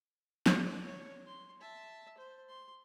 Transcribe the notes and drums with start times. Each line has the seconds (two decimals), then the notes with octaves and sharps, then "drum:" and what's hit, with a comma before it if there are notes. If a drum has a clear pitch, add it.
0.46 D5, drum: snare
0.85 C#5
1.26 C6
1.61 E5 A5
2.18 C5
2.49 C6